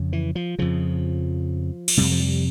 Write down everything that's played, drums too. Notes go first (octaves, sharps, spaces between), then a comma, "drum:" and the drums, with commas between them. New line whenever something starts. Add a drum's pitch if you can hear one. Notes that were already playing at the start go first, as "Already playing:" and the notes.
Already playing: F2 C#3
E3
F3
F2 C#3 F3
drum: cymbal
F2 C3 G3
F3
G3